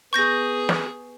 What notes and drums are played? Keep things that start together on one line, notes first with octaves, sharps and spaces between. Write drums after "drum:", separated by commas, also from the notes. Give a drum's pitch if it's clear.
B3 G#4 C#6 G6 A#6
drum: snare